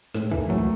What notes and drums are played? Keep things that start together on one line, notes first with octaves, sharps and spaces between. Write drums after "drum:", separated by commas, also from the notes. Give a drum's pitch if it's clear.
A2 G#3, drum: snare
E3 A#3, drum: kick
F#3 A3